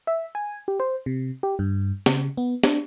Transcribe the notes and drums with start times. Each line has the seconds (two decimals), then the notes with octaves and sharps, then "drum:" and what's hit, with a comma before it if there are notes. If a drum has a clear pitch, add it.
0.07 E5
0.35 G#5
0.68 G4
0.80 C5
1.06 C3
1.43 G4
1.59 G2
2.06 C#3, drum: snare
2.37 B3
2.64 D4, drum: snare